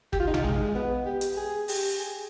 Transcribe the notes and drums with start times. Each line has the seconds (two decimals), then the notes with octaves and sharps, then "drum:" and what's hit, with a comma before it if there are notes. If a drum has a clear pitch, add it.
0.13 G4, drum: kick
0.20 F4
0.27 D#4
0.34 F4, drum: tom A#1
0.44 G#3
0.68 G#3
0.75 B3
1.06 G4
1.21 drum: hi-hat
1.37 G#4
1.68 G4, drum: open hi-hat
1.99 G#4